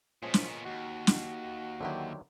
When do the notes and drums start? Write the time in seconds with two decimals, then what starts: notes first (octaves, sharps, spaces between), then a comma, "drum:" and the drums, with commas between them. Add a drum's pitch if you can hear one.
0.23 A#2 F3 G#3 B3 C#4
0.34 drum: snare
0.65 D#2 F#4
1.07 drum: snare
1.80 D3 D#3 F#3 C4 E4 G4